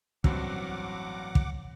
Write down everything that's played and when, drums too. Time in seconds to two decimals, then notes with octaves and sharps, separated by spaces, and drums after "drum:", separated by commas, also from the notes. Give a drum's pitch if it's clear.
0.24 A1 G2 F#3 C4 F#5 D6, drum: kick
1.35 drum: kick